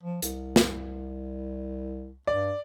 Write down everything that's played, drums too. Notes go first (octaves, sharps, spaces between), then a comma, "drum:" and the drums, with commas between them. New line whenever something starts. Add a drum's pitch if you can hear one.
F3
C2, drum: hi-hat
drum: snare
G2 D5